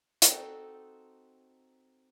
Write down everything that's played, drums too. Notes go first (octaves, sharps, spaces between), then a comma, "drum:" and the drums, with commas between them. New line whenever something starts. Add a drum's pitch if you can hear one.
C4 D#4 F#4 A4, drum: hi-hat